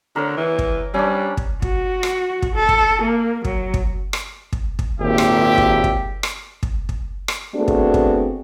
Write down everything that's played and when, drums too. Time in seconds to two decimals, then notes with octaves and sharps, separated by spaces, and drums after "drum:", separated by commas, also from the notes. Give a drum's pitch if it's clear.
0.16 D3 A#4 C#5
0.37 E3
0.59 drum: kick
0.94 G3 C#4 D4
1.37 drum: kick
1.62 F#4, drum: kick
2.03 drum: rim click
2.42 drum: kick
2.56 A4
2.69 drum: kick
3.02 A#3
3.44 F#3, drum: kick
3.74 drum: kick
4.13 drum: rim click
4.53 drum: kick
4.79 drum: kick
5.00 G#1 D#2 A#2 G4 E5
5.18 drum: rim click
5.58 drum: kick
5.84 drum: kick
6.23 drum: rim click
6.63 drum: kick
6.89 drum: kick
7.28 drum: rim click
7.55 A3 B3 C4 D4 F#4 G#4
7.68 drum: kick
7.94 drum: kick